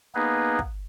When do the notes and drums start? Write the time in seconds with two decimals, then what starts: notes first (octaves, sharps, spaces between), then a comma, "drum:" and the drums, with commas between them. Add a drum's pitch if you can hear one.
0.15 A#3 B3 D#4 G#4 B4
0.59 drum: kick